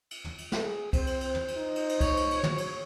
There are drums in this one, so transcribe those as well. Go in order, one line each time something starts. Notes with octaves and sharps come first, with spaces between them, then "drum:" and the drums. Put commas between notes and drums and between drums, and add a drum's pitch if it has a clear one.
drum: cymbal
drum: tom
drum: cymbal
drum: snare
G#4
C4 C5, drum: kick C2, cymbal
drum: cymbal
drum: cymbal
drum: tom
drum: cymbal
D#4
drum: cymbal
drum: cymbal
C#5, drum: kick C2, cymbal
drum: cymbal
drum: cymbal
F#3, drum: tom
drum: cymbal